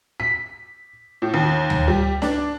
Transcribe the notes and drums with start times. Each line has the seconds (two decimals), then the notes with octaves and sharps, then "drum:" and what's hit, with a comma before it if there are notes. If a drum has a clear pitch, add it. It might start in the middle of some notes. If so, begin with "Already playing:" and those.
0.20 B6
1.22 A2
1.34 D#2
1.70 drum: tom D2
1.88 G3
2.22 D4, drum: snare